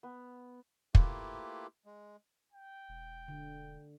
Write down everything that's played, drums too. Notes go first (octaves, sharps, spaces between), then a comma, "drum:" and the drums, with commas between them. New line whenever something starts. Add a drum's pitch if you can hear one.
B3
A3 A#3 E4 F4 G4 B4, drum: kick
G#3
G5
E1
D3